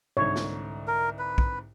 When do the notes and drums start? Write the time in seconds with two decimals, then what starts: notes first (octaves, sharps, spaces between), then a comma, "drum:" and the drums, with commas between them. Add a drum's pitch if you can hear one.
0.17 C2 G#2 D3 C#5
0.36 drum: snare
0.87 A#4
1.19 B4
1.38 drum: kick